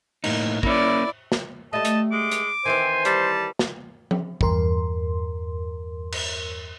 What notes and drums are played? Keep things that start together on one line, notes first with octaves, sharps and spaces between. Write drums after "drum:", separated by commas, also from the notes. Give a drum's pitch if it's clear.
A2 A#3 D#4, drum: cymbal
A#3 C#4 E4 D5, drum: kick
drum: snare
G3 A3 D#5 A5
drum: hi-hat
G#3 D6
drum: hi-hat
D#3 E3 C4 C5 G#5
G3 A5, drum: hi-hat
drum: snare
drum: tom F3
E2 G2 A#4 C6, drum: kick
drum: cymbal